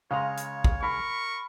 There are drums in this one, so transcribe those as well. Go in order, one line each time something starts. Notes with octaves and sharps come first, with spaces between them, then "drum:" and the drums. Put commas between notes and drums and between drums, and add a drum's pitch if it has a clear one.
C#3 G#3 C#5 F5 A#5 C6
drum: hi-hat
drum: kick
A#4 B5 C#6